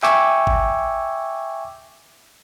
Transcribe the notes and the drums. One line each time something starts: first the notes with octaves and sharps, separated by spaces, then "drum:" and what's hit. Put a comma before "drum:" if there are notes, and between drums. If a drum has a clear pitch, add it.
E5 G5 G#5 C#6 D6 E6, drum: clap
drum: kick G#1